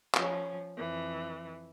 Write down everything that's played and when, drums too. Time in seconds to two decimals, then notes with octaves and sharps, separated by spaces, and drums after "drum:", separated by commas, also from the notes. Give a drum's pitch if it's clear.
0.15 F3 C#4, drum: clap
0.77 F2 E3